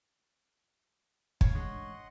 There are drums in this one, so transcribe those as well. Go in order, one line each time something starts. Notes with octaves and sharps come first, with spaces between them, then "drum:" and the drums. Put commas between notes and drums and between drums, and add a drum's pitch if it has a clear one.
G1 C#5 F5, drum: kick
A1 G#3 D4 D#5 F#5 C6